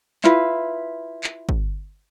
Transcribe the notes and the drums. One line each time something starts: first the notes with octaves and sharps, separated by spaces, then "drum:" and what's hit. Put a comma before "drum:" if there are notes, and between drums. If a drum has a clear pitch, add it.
E4 F4 B4, drum: clap
drum: clap
drum: kick